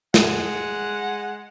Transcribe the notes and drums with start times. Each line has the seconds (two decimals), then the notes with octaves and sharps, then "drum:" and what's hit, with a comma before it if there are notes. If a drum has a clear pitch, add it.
0.14 G#3 F#5, drum: snare